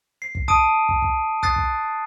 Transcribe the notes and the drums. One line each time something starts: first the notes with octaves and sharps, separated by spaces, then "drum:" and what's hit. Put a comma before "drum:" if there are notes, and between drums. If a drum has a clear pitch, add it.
C7
drum: kick
A5 D#6 D7 D#7, drum: kick
drum: kick
drum: kick
D#6 F#6 A6 C7, drum: kick
drum: kick